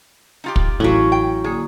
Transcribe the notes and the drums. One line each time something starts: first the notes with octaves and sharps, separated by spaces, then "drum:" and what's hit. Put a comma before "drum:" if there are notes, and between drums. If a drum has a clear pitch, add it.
D#4 F4 G4
drum: kick
A1 A2 F#3 C#4 E4 F#4 F5
G5
D3 A#3 G#4